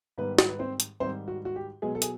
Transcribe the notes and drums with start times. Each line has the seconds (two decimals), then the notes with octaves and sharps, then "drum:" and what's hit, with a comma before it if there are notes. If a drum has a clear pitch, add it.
0.18 G#2 D#3 G3 B3 B4
0.38 drum: snare
0.48 B4
0.59 C4 C5
0.80 drum: hi-hat
1.00 G#2 D#3 G3 C4 C5
1.28 F#4
1.45 F#4
1.56 G4
1.82 B2 F#3 G#3 B3 G#4
1.95 A4
2.02 G#4, drum: hi-hat